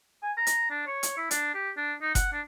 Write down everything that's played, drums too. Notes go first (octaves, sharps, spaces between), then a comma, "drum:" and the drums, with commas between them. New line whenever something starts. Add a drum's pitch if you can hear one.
G#5
A#5
drum: hi-hat
D4
C#5
drum: hi-hat
E4
D4, drum: hi-hat
G4
D4
D#4
F#5, drum: kick F#1, hi-hat
D4